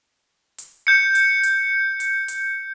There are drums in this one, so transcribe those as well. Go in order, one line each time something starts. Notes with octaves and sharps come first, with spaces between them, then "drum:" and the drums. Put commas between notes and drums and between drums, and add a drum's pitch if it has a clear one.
drum: hi-hat
G6 C#7
drum: hi-hat
drum: hi-hat
drum: hi-hat
drum: hi-hat